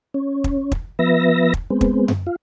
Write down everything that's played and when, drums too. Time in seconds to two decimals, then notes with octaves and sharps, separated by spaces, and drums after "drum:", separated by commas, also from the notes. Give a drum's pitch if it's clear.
0.14 C#4
0.44 drum: kick
0.72 drum: kick
0.99 F3 B3 B4 E5 A#6
1.54 drum: kick
1.70 G#3 B3 C4
1.81 drum: kick
2.08 drum: tom F#2
2.27 F4